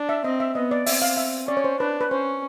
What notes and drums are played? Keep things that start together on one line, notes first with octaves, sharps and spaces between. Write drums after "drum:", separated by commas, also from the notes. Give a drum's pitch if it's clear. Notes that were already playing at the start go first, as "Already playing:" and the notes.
Already playing: D4
E5
C4 D#5
E5
B3 D#5
D5
C4 E5, drum: open hi-hat
F5
E5
C#4 D5
C#5
C5
D4 B4
B4
C#4 C5